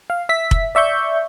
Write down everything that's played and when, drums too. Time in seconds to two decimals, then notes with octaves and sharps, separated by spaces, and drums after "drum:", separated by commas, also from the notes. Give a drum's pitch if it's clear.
0.10 F5
0.29 E5 B6
0.51 drum: kick F1
0.75 D5 E5 C#6 G6